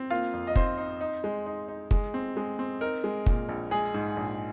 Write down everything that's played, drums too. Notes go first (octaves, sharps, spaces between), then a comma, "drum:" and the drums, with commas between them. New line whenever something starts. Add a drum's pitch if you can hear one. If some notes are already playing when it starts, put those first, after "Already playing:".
Already playing: C4
A#3 F4 F5
F2
D#5
C4 D#4 C5, drum: kick
D#4
D#4
G#3
D#4
D#4
G#3, drum: kick
C4
G#3
C4
D#4 A#4
G#3
A#2, drum: kick
A#1
G#3 G#4
G#2
A#1